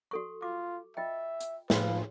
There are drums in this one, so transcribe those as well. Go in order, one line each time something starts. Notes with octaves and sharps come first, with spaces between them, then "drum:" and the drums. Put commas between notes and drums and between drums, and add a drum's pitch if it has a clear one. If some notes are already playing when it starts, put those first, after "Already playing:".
F#4 A4 C#6
F4 D6
F4 D#5 E5 G5
drum: hi-hat
A2 F3 F4 G#4 B4 C#5, drum: snare